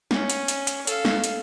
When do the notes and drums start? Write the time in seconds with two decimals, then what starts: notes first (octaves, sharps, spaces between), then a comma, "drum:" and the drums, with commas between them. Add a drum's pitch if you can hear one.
0.11 C#4, drum: snare
0.30 drum: hi-hat
0.48 drum: hi-hat
0.67 drum: hi-hat
0.87 A4 F5, drum: hi-hat
1.05 drum: snare
1.24 drum: hi-hat